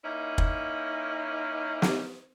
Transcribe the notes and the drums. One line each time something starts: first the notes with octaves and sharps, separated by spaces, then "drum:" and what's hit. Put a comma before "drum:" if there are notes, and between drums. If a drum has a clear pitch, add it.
A#3 C#4 D#4 E4
drum: kick
drum: snare